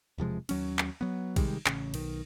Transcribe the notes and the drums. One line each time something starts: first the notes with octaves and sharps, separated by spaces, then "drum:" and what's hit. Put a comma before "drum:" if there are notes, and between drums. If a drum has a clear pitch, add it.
E1 C3 F3 G#3
D#2 F#3 C#4, drum: cymbal
drum: clap
F#3 B3
C3 D#3 G3 G#3, drum: kick, cymbal
A1 C#3, drum: clap
B1 D#3, drum: cymbal